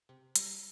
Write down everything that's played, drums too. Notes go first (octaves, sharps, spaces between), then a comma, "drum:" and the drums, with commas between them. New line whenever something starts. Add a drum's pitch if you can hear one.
C3
G3, drum: hi-hat